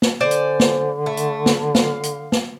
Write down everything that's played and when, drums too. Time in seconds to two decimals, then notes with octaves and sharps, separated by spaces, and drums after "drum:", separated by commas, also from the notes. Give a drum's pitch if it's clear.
0.02 drum: snare
0.21 D3 C5 D5 G#5
0.31 drum: hi-hat
0.60 drum: snare
1.06 A3
1.17 drum: hi-hat
1.46 drum: snare
1.75 F5, drum: snare
2.03 drum: hi-hat
2.32 drum: snare